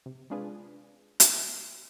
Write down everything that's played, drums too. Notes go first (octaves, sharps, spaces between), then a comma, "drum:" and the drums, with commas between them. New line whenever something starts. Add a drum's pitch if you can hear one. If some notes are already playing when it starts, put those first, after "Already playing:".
C3
G#3 C4 D4 F4 G#4 B4
drum: hi-hat